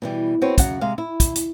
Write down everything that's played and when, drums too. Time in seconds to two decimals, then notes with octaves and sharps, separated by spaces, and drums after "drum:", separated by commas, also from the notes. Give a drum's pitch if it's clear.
0.02 B2 E3 G3
0.42 C4 F#4 B4 C#5
0.58 F#2 C#3 F#4 F#5, drum: kick, hi-hat
0.81 C3 G#3 F5
0.98 E4
1.20 drum: kick, hi-hat
1.35 drum: hi-hat